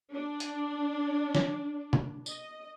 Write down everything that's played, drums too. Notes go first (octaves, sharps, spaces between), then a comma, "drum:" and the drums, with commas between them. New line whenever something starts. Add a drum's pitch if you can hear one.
D4
drum: hi-hat
drum: snare
drum: tom
D#5, drum: tambourine